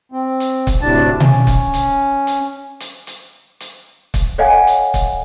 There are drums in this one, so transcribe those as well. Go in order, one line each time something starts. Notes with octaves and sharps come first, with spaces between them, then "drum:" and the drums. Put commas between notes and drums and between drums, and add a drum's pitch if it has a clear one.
C4
drum: hi-hat
drum: kick, hi-hat
D2 A2 C3 D4 A5
C#4, drum: tom B2
drum: kick, hi-hat
drum: hi-hat
drum: hi-hat
drum: hi-hat
drum: hi-hat
drum: hi-hat
drum: kick, hi-hat
A4 C#5 D#5 F5 F#5 G#5
drum: hi-hat
drum: kick, hi-hat